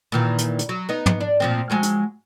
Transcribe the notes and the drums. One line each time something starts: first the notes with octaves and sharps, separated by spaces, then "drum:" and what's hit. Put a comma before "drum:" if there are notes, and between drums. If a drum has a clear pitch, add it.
A#2 D#3 E3
drum: hi-hat
drum: hi-hat
F#3
B3 D#4
drum: tom
D4
A#2 F3 C4
F3 F#3 G#3
drum: hi-hat